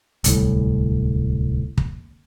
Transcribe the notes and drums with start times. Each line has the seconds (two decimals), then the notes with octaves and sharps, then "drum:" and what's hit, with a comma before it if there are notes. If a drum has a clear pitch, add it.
0.24 D1 C2 A2, drum: hi-hat
1.78 drum: kick